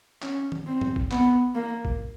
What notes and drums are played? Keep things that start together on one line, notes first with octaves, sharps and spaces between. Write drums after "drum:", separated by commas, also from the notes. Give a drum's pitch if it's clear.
C#4, drum: clap
drum: tom D#3
C4
drum: tom
drum: kick
B3, drum: clap
A#3
drum: kick